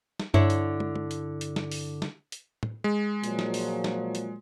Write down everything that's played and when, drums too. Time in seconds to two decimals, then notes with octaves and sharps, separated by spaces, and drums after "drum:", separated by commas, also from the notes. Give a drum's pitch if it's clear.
0.20 drum: snare
0.34 G2 D3 E4 C#5
0.50 drum: hi-hat
0.80 drum: tom
0.96 drum: tom
1.11 drum: hi-hat
1.41 drum: hi-hat
1.56 drum: snare
1.72 drum: open hi-hat
2.02 drum: snare
2.32 drum: hi-hat
2.63 drum: tom A2
2.84 G#3
3.24 A#2 F3 F#3, drum: hi-hat
3.39 drum: snare
3.54 drum: open hi-hat
3.84 drum: snare
4.15 drum: hi-hat